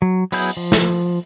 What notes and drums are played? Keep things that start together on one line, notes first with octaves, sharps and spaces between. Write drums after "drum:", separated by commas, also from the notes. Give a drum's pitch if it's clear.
F#3
F#3 B3 E4 G#4 G6, drum: open hi-hat
F3
drum: snare